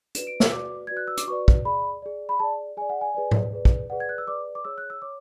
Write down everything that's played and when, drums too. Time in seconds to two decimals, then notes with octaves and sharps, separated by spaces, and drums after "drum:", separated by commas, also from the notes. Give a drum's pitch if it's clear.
0.15 F#4 B4 D5 E7, drum: hi-hat
0.27 D7
0.40 E6, drum: snare
0.52 F#4 B4 D5 D6
0.87 F#4 B4 D5 G#6
0.97 F#6
1.07 E6
1.17 D6, drum: hi-hat
1.27 F#4 B4 D5 C#6
1.48 drum: kick
1.65 G#4 D5 B5
2.02 G#4 D5
2.29 B5
2.40 G#4 D5 A5
2.77 G#4 D5 G#5
2.90 F#5
3.01 G#5
3.15 G#4 B4 D5
3.31 drum: tom G#2
3.53 G#4 B4 D5
3.65 drum: kick
3.90 G#4 B4 D5 F#5
4.00 G#6
4.09 F#6
4.18 E6
4.27 G#4 B4 D5 D6
4.55 D6
4.65 G#4 C#5 E6
4.78 F#6
4.90 E6
5.02 C#5 D6